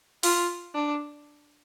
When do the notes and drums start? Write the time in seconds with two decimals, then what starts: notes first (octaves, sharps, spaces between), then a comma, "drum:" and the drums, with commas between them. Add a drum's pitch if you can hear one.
0.23 F4, drum: open hi-hat
0.75 D4